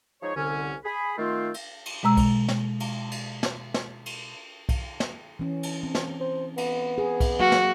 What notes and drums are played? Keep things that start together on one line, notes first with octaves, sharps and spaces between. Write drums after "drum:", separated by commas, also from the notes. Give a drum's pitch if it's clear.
F3 G#3 D#4 G#4 C#5
C2 D3 C#4 G#5
G#4 B5
D#3 A3 C4 F4
drum: cymbal
drum: cymbal
B2 G#3 A#5 E6
drum: kick B1, cymbal
drum: snare
drum: cymbal
drum: cymbal
drum: snare
drum: snare
drum: cymbal
drum: kick B1, cymbal
drum: snare
E3 C#4
drum: cymbal
C4
drum: snare
C5
B3, drum: cymbal
G#4
drum: kick B1, cymbal
F#3 A#3 F#4 F5
drum: snare